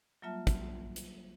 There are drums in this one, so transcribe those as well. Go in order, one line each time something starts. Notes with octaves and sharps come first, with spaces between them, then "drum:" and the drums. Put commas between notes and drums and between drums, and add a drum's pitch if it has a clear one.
F#3 G3 A#3 F4 E5 A5
drum: kick, hi-hat
drum: hi-hat